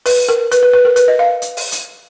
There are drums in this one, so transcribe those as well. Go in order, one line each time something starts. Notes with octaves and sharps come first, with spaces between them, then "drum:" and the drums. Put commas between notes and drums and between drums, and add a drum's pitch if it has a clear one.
B4, drum: open hi-hat
A#4
B4, drum: hi-hat
B4
B4
A#4
B4, drum: hi-hat
D#5
F5
drum: hi-hat
drum: open hi-hat
drum: hi-hat